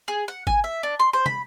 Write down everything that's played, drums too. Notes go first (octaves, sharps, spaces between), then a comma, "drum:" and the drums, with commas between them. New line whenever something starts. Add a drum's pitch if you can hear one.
G#4
F#5
G#5, drum: kick G#1
E5
D4
C6
C5
B5, drum: tom